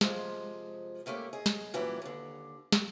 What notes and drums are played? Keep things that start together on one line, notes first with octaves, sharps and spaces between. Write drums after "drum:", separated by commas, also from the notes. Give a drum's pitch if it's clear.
C3 F3 G#3, drum: snare
G#2 A3 A#3 C#4 G4
G#4 D#5
drum: snare
F#2 A#2 E3 C#4 E4 G4
D#2 D3
drum: snare